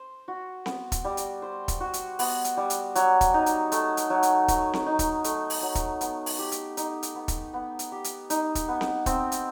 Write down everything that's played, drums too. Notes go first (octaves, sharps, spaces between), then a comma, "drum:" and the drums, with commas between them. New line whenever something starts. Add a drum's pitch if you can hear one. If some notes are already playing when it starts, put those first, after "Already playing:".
Already playing: C5
F#4
B3, drum: snare C4
drum: kick, hi-hat
G3
drum: hi-hat
C5
drum: kick, hi-hat
F#4
drum: hi-hat
B3, drum: open hi-hat
drum: hi-hat
G3
drum: hi-hat
F#3, drum: hi-hat
drum: kick, hi-hat
D#4
drum: hi-hat
A3, drum: hi-hat
drum: hi-hat
F#3
drum: hi-hat
F#3, drum: kick, hi-hat
drum: snare C4
D#4
drum: kick, hi-hat
A3, drum: hi-hat
drum: open hi-hat
F#3
drum: kick, hi-hat
B3, drum: hi-hat
drum: open hi-hat
G4
drum: hi-hat
D#4, drum: hi-hat
drum: hi-hat
B3
drum: kick, hi-hat
B3
drum: hi-hat
G4
drum: hi-hat
D#4, drum: hi-hat
drum: kick, hi-hat
B3
drum: snare C4
C4, drum: kick, hi-hat
drum: hi-hat